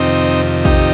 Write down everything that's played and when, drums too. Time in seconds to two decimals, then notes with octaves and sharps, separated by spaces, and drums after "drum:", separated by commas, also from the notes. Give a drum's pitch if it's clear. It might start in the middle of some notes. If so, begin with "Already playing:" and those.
Already playing: F2 C3 D#3 C4 D#4
0.65 D#4 G4, drum: kick, hi-hat